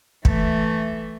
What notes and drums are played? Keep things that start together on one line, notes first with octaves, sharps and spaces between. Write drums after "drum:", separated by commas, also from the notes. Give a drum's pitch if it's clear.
E3 A3, drum: kick